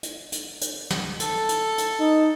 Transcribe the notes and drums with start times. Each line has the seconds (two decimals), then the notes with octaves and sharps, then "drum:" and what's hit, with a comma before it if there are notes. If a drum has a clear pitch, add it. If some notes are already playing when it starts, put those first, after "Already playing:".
0.03 drum: hi-hat
0.32 drum: hi-hat
0.61 drum: hi-hat
0.90 drum: snare
1.20 A4, drum: hi-hat
1.49 drum: hi-hat
1.78 drum: hi-hat
2.00 D#4